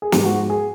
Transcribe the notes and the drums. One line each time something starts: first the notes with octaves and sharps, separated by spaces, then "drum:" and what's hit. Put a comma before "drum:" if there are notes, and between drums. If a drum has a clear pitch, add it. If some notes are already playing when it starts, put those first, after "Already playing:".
G#4
G#2 F3 G#3 G4, drum: snare
F#4
G#4